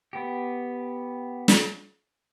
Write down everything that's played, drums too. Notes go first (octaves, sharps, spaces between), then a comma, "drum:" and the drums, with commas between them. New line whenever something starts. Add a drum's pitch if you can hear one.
B3 G4
drum: snare